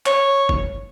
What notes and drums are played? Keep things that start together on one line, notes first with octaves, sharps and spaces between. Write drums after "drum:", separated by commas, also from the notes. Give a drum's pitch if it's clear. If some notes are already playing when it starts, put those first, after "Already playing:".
C#5, drum: clap
drum: kick F#1